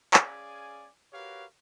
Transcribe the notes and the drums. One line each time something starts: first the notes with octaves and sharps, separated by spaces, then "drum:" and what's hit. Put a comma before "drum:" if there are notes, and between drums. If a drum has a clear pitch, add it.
C#4 G#4 D5 F5 G#5, drum: clap
F#4 G4 A#4 B4 C#5 F5